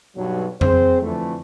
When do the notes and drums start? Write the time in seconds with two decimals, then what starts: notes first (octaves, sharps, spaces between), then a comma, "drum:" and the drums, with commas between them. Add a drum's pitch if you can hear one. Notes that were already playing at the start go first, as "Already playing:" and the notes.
0.16 B1 G2 F#3
0.61 C4 G#4 C5, drum: tom F2
1.02 F2 D3 E3 A3